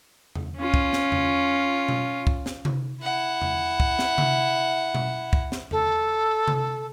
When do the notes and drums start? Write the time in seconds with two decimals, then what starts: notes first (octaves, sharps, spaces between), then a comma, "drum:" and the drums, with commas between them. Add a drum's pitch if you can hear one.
0.35 drum: tom E2
0.58 C#4 F4
0.74 drum: kick
0.93 drum: snare
1.12 drum: tom E2
1.88 drum: tom B2
2.27 drum: kick
2.46 drum: snare
2.65 drum: tom C3
3.01 E4 F#5
3.42 drum: tom E2
3.80 drum: kick
3.99 drum: snare
4.18 drum: tom C3
4.95 drum: tom B2
5.33 drum: kick
5.52 drum: snare
5.71 A4, drum: tom E2
6.48 drum: tom C3